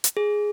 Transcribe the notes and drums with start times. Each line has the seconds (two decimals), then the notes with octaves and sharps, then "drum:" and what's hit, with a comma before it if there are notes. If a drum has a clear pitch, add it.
0.04 drum: hi-hat
0.17 G#4